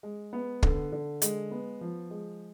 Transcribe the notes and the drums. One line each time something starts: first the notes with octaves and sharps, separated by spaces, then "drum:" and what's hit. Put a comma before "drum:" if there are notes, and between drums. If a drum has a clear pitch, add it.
G#3
B3
D3, drum: kick
D3
G#3, drum: hi-hat
B3
F3
G#3